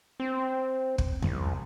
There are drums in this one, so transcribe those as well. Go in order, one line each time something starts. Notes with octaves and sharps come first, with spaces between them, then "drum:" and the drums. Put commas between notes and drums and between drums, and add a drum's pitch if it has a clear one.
C4
drum: kick
C2, drum: tom E2